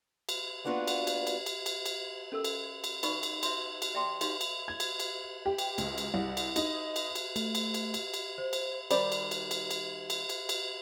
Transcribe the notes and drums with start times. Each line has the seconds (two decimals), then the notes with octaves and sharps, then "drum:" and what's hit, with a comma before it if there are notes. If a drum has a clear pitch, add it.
0.29 drum: cymbal
0.64 A#3 B3 D4 F4 F#4 B4
0.87 drum: cymbal
1.07 drum: cymbal
1.27 drum: cymbal
1.46 drum: cymbal
1.66 drum: cymbal
1.86 drum: cymbal
2.32 C#4 A4 A#4 E6
2.44 drum: cymbal
2.84 drum: cymbal
3.03 D#4 B4 D5 B5 C#6, drum: cymbal
3.23 drum: cymbal
3.43 F#4 C#5 E5, drum: cymbal
3.82 drum: cymbal
3.95 D5 E5 G5 A5 C6 D6
4.21 D#4 F#4 G4 C#5 F5, drum: cymbal
4.41 drum: cymbal
4.68 G#6
4.80 drum: cymbal
5.00 drum: cymbal
5.46 G4
5.58 drum: cymbal
5.78 C#2, drum: cymbal
5.98 drum: cymbal
6.14 C2
6.37 drum: cymbal
6.56 D#4, drum: cymbal
6.96 drum: cymbal
7.15 drum: cymbal
7.36 A3, drum: cymbal
7.55 drum: cymbal
7.74 drum: cymbal
7.94 drum: cymbal
8.14 drum: cymbal
8.38 C5
8.53 drum: cymbal
8.91 D#3 G3 C5 D5 B5, drum: cymbal
9.12 drum: cymbal
9.31 drum: cymbal
9.51 drum: cymbal
9.71 drum: cymbal
10.10 drum: cymbal
10.29 drum: cymbal
10.49 drum: cymbal